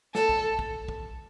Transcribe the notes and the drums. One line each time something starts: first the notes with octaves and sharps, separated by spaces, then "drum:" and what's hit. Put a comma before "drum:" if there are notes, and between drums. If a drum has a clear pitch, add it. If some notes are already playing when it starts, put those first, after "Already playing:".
A4, drum: snare
drum: kick
drum: kick
drum: kick